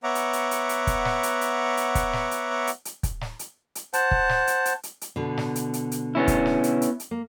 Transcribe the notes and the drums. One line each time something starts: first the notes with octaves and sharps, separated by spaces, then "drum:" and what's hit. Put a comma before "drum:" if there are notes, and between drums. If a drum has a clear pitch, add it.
B3 C#5 E5 F#5 A#5 D6
drum: hi-hat
drum: hi-hat
drum: hi-hat
drum: hi-hat
drum: kick, hi-hat
drum: snare
drum: hi-hat
drum: hi-hat
drum: hi-hat
drum: kick, hi-hat
drum: snare
drum: hi-hat
drum: hi-hat
drum: hi-hat
drum: kick, hi-hat
drum: snare
drum: hi-hat
drum: hi-hat
C5 F#5 A5, drum: hi-hat
drum: kick
drum: snare
drum: hi-hat
drum: hi-hat
drum: hi-hat
drum: hi-hat
B2 D3
drum: snare
drum: hi-hat
drum: hi-hat
drum: hi-hat
B3 C#4 E4
drum: kick, hi-hat
drum: snare
drum: hi-hat
drum: hi-hat
drum: hi-hat
A#3